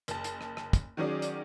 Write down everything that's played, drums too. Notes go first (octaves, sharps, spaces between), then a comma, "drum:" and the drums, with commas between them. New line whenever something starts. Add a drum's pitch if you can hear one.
F#1 A5, drum: hi-hat
drum: hi-hat
drum: rim click
drum: rim click
drum: kick, hi-hat
D#3 F#3 C#4 G#4 D5
drum: hi-hat